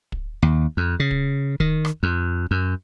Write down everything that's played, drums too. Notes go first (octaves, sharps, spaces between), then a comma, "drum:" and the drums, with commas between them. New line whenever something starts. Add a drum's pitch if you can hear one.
drum: kick
D#2
F2
C#3
drum: kick
D#3, drum: kick
drum: rim click
F2
F#2